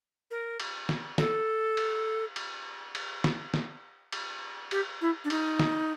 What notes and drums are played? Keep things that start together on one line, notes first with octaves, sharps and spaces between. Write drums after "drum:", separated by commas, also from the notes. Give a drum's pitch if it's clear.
A#4
drum: cymbal
drum: snare
A4, drum: snare
drum: cymbal
drum: cymbal
drum: cymbal
drum: snare
drum: snare
drum: cymbal
G4, drum: cymbal
E4
D4
D#4, drum: cymbal
drum: snare